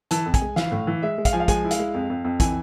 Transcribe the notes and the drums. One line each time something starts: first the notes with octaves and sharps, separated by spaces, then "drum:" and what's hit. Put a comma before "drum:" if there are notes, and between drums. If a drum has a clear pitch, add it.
E3 A5, drum: hi-hat
F2
G#5, drum: kick, hi-hat
G#3
E3 F5, drum: snare
A2
E3
G#3 E5
G#3
F5, drum: kick, hi-hat
F3 G#5
F5
G#3 G#5, drum: kick, hi-hat
E4
F5, drum: hi-hat
G#3
F2
F2
F2
E3 G#5, drum: kick, hi-hat